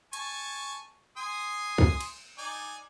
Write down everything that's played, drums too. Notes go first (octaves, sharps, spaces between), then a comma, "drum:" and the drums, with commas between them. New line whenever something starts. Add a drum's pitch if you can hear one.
G#5 A5 C#6, drum: hi-hat
G#5 C6 D#6
drum: kick
drum: cymbal
D#4 D5 G#5